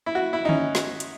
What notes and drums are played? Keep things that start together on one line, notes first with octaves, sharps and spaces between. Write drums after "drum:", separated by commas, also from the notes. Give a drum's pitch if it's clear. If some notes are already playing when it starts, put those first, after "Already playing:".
E4
F#4
E4
D#4
C#4, drum: tom D3
drum: snare
drum: hi-hat